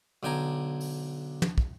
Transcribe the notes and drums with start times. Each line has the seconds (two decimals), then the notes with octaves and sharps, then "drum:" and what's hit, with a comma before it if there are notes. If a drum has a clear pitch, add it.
0.23 B1 D3 G5 G#5 A#5
0.80 drum: open hi-hat
1.42 drum: tom
1.58 drum: kick